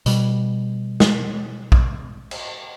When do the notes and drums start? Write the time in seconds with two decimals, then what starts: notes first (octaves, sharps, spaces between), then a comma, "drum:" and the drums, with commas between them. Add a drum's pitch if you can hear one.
0.06 B2 G3, drum: hi-hat
1.00 drum: snare
1.72 drum: kick A#1
2.31 drum: cymbal